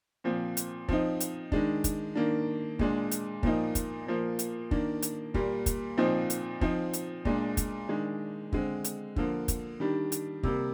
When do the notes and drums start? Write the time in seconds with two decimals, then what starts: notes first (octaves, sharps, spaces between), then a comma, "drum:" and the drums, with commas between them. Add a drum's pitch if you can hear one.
0.24 A#2 F3 C4
0.57 drum: hi-hat
0.88 F3 C4 D#4, drum: kick
1.20 drum: hi-hat
1.52 D#3 G#3 D4, drum: kick
1.84 drum: kick, hi-hat
2.15 D#3 A#3 D4
2.79 A#2 G#3 D4, drum: kick
3.11 drum: hi-hat
3.43 A#2 F3 A#3 D#4, drum: kick
3.75 drum: kick, hi-hat
4.07 A#2 F3 A#3
4.39 drum: hi-hat
4.71 D#3 A#3 D4, drum: kick
5.02 drum: hi-hat
5.34 A#2 G3 A#3, drum: kick
5.66 drum: kick, hi-hat
5.97 A#2 F3 C4 D#4
6.30 drum: hi-hat
6.61 F3 C4 D#4, drum: kick
6.93 drum: hi-hat
7.25 A#2 G#3 D4, drum: kick
7.57 drum: kick, hi-hat
7.89 D#3 G#3 D4
8.52 D3 G#3 C4, drum: kick
8.84 drum: hi-hat
9.16 D3 F3 A#3, drum: kick
9.48 drum: kick, hi-hat
9.80 D#3 G3 D4
10.12 drum: hi-hat
10.43 C3 G3 A#3, drum: kick